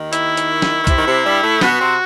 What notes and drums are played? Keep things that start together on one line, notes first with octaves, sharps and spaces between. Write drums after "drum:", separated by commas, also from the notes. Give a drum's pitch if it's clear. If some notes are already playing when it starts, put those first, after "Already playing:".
Already playing: D#2 D#3
E4, drum: hi-hat
drum: hi-hat
drum: snare
D#3
C3, drum: kick, hi-hat
D#3
C3
G2 G3
A2 A3
B2 B3 F#4, drum: snare
C3 C4